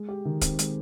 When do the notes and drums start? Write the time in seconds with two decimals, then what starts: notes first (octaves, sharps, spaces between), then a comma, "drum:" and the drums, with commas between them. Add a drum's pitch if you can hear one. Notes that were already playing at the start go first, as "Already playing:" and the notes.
Already playing: G#3
0.08 G4
0.25 D#3
0.42 C4, drum: kick D1, hi-hat
0.59 G#3, drum: hi-hat